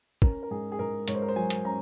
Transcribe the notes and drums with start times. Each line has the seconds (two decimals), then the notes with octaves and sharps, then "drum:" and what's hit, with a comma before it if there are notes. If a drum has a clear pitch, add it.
0.22 C#4 A#4, drum: kick
0.43 A#4
0.51 G#2 G#4
0.72 G#4
0.79 G#2 A#4
1.08 G#2 C#5, drum: hi-hat
1.15 C5
1.22 A#4
1.29 C5
1.36 F#3 G#5
1.50 drum: hi-hat
1.65 C#4 A#5